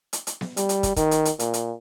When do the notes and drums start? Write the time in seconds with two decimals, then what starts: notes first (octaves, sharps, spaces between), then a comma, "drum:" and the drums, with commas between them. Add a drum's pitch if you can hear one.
0.13 drum: hi-hat
0.27 drum: hi-hat
0.41 drum: snare B3
0.57 G3, drum: hi-hat
0.69 drum: hi-hat
0.83 drum: kick, hi-hat
0.96 D#3, drum: kick, hi-hat
1.11 drum: hi-hat
1.25 drum: hi-hat
1.39 A#2, drum: hi-hat
1.54 drum: hi-hat